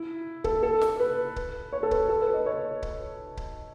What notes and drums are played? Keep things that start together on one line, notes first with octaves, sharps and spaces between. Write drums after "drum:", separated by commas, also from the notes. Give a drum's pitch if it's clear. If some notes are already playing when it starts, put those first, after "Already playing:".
Already playing: E4
A4, drum: kick C#1
A4
drum: snare
B4
drum: kick C#1
C#5
A4
B4, drum: kick C#1
A4
B4
D#5
C#5
drum: kick C#1
drum: kick C#1